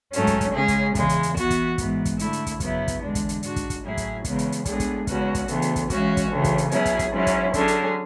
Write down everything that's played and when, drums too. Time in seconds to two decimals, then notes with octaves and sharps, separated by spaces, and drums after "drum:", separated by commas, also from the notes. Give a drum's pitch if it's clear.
0.13 G#2 F#3 A3 C#4, drum: hi-hat
0.27 drum: kick, hi-hat
0.41 drum: kick, hi-hat
0.54 C#3 G#3 C#4 G#4
0.68 drum: kick, hi-hat
0.95 E2 C#3 E3 G#3, drum: kick, hi-hat
1.09 drum: hi-hat
1.23 drum: hi-hat
1.37 E3 B3 F#4, drum: kick, hi-hat
1.50 drum: kick, hi-hat
1.78 G#2 E3 B3, drum: kick, hi-hat
2.05 drum: kick, hi-hat
2.19 D3 A3 E4, drum: hi-hat
2.33 drum: hi-hat
2.46 drum: kick, hi-hat
2.60 F#2 C#3 F#3 B3 E4, drum: kick, hi-hat
2.88 drum: kick, hi-hat
3.01 E2 D3 G#3 D4
3.15 drum: kick, hi-hat
3.29 drum: hi-hat
3.43 G#2 G#3 D4 F#4, drum: hi-hat
3.56 drum: kick, hi-hat
3.70 drum: kick, hi-hat
3.84 A2 F#3 C#4 E4 G#4
3.97 drum: kick, hi-hat
4.24 E2 C#3 E3 G#3 B3, drum: kick, hi-hat
4.39 drum: hi-hat
4.52 drum: hi-hat
4.65 A2 G#3 B3 D4 G#4, drum: kick, hi-hat
4.80 drum: kick, hi-hat
5.07 E2 C#3 G#3 C#4 F#4, drum: kick, hi-hat
5.35 drum: kick, hi-hat
5.48 D2 C#3 E3 B3, drum: hi-hat
5.62 drum: hi-hat
5.76 drum: kick, hi-hat
5.90 C#3 E3 G#3 C#4 F#4, drum: kick, hi-hat
6.17 drum: kick, hi-hat
6.30 D2 C#3 E3
6.44 drum: kick, hi-hat
6.58 drum: hi-hat
6.71 B2 F#3 C#4 E4 G#4, drum: hi-hat
6.85 drum: kick, hi-hat
6.99 drum: kick, hi-hat
7.12 G#2 F#3 C#4 E4
7.27 drum: kick, hi-hat
7.54 D3 F#3 C#4 G#4, drum: kick, hi-hat
7.68 drum: hi-hat